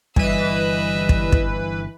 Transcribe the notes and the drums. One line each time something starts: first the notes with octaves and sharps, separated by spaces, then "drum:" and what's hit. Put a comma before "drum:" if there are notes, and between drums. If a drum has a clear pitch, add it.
G1 E3 G3 B4 D#5 E5, drum: kick
drum: kick
drum: kick